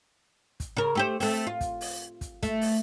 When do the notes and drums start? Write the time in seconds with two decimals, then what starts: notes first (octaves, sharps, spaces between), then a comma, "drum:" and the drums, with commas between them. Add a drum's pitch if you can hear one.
0.60 drum: kick, hi-hat
0.77 C#3 A#4
0.95 A3 G4 C5
1.20 A3 C4, drum: open hi-hat
1.47 F4
1.61 drum: kick, hi-hat
1.81 drum: open hi-hat
2.21 drum: kick, hi-hat
2.43 A3, drum: kick, hi-hat
2.61 drum: open hi-hat